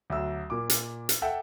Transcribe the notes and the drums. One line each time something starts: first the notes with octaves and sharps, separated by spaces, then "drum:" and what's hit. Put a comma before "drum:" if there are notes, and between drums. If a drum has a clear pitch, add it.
D2 F#3 E6
A#2 D6
drum: hi-hat
drum: hi-hat
A4 E5 F#5 G5